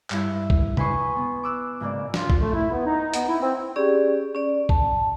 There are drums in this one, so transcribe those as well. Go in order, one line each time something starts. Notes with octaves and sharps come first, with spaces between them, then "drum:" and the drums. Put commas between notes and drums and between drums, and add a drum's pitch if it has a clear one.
G2 E4, drum: clap
drum: kick B1
B4 C5 G#5 C6 C#6 D#6, drum: tom C3
B3
D6 E6 F#6
G#1 C#3 A#3 D5
F4, drum: snare
drum: kick B1
A3
E4
B3
D#4
B3, drum: hi-hat
E4
C4
C#4 G4 G#4 D5
C#4 D5
A5, drum: kick B1